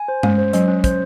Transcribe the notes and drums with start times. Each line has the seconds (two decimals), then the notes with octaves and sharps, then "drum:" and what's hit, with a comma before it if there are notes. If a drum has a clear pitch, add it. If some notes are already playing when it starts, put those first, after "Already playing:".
Already playing: G#5
0.08 C5
0.23 G#3 C#4, drum: tom G2
0.38 C5
0.53 F#3 C#4, drum: hi-hat
0.68 C#4
0.84 C5, drum: kick, hi-hat